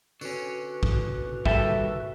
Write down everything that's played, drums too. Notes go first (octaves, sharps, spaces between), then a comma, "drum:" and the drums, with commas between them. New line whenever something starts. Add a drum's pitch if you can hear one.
D3 C#4 F#4 B4, drum: tambourine
drum: kick
D#2 G3 G4 A4 A#4 E5 A5, drum: kick